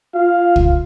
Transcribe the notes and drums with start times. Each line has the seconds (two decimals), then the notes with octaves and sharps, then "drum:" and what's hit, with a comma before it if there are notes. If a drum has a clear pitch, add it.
0.15 F4 F5
0.56 drum: kick